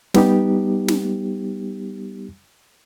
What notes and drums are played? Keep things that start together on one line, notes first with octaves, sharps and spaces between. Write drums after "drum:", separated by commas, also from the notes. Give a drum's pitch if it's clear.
G3 B3 D#4 G4, drum: snare
drum: snare